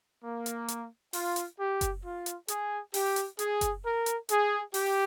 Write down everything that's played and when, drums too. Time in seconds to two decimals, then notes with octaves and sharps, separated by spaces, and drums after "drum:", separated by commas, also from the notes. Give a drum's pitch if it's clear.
0.23 A#3
0.46 drum: hi-hat
0.68 drum: hi-hat
1.13 F4, drum: open hi-hat
1.36 drum: hi-hat
1.59 G4
1.81 drum: kick F#1, hi-hat
2.04 F4
2.26 drum: hi-hat
2.48 G#4, drum: hi-hat
2.94 G4, drum: open hi-hat
3.16 drum: hi-hat
3.39 G#4, drum: hi-hat
3.61 drum: kick F#1, hi-hat
3.84 A#4
4.06 drum: hi-hat
4.29 G#4, drum: hi-hat
4.74 G4, drum: open hi-hat